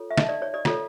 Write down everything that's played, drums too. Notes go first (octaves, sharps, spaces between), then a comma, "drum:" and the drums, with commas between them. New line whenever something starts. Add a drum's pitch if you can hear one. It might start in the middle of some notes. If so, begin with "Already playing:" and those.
Already playing: F4 A4 C#5
E5
D#4 D#5, drum: snare
D5
C#5
D5
F4 A4 C#5, drum: snare